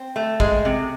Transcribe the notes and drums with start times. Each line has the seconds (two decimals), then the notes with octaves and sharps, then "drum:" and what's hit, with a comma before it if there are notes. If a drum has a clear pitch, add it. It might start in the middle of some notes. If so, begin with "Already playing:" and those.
Already playing: C4
0.16 A3
0.40 G#3, drum: kick
0.65 C3